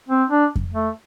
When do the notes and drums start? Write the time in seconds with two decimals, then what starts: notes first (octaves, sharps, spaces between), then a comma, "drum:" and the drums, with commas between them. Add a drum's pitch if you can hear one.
0.08 C4
0.30 D4
0.56 drum: kick F2
0.73 A3